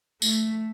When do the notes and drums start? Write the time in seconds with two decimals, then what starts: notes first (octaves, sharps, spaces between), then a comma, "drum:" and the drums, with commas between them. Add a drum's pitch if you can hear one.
0.22 A3, drum: tambourine